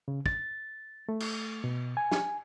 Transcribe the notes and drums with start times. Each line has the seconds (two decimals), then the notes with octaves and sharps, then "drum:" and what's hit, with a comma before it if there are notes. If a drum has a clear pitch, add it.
0.08 C#3
0.26 A6, drum: kick
1.09 A3
1.20 drum: cymbal
1.64 B2
1.97 G#5
2.11 drum: snare